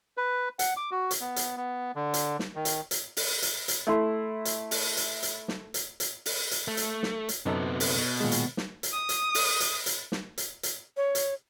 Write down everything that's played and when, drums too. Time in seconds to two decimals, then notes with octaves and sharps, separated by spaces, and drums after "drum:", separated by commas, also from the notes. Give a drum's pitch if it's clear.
0.17 B4
0.59 F#5, drum: hi-hat
0.77 D6
0.91 F#4
1.11 drum: hi-hat
1.20 B3
1.36 drum: hi-hat
1.57 B3
1.95 D3
2.14 drum: hi-hat
2.39 drum: snare
2.56 D#3
2.65 drum: hi-hat
2.91 drum: hi-hat
3.17 drum: open hi-hat
3.42 drum: hi-hat
3.68 drum: hi-hat
3.87 A3 E4 C6
4.45 drum: hi-hat
4.71 drum: open hi-hat
4.97 drum: hi-hat
5.23 drum: hi-hat
5.48 drum: snare
5.74 drum: hi-hat
6.00 drum: hi-hat
6.26 drum: open hi-hat
6.51 drum: hi-hat
6.68 A3
6.77 drum: hi-hat
7.03 drum: snare
7.29 drum: hi-hat
7.46 F#2 C3 B3 D#4 A4
7.80 drum: open hi-hat
7.98 B2
8.21 A#2 D#3 G#3
8.32 drum: hi-hat
8.57 drum: snare
8.83 drum: hi-hat
8.93 D#6
9.09 drum: hi-hat
9.35 drum: open hi-hat
9.60 drum: hi-hat
9.86 drum: hi-hat
10.12 drum: snare
10.38 drum: hi-hat
10.63 drum: hi-hat
10.97 C#5
11.15 drum: hi-hat